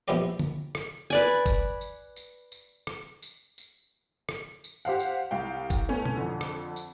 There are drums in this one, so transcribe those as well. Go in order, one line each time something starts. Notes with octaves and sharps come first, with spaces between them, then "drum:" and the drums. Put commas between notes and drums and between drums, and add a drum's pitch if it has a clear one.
A#1 B2 F3 E4 G4 D5
drum: tom D3
drum: rim click
B4 D5 G#5, drum: tambourine
drum: kick, tambourine
drum: tambourine
drum: tambourine
drum: tambourine
drum: rim click
drum: tambourine
drum: tambourine
drum: rim click
drum: tambourine
G4 C5 F5 F#5
drum: tambourine
C2 F5 G5
drum: kick, tambourine
A2 A3 B3 C#4
drum: tom B2
F2 D3
drum: rim click
drum: tambourine